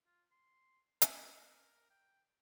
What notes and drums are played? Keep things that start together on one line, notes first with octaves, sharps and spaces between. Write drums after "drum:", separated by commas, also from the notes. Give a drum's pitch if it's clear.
F4
C6
A#4, drum: hi-hat
G5